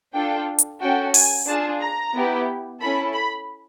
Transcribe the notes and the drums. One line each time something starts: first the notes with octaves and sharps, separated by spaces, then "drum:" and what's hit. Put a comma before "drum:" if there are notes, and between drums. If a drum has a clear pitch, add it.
D4 F4 A4 G5
drum: hi-hat
C#4 F#4 A4 G5
G#5, drum: open hi-hat
D4 F4 G#4 A5
A#5
B3 E4 G4
C#4 E4 A4 B5
B5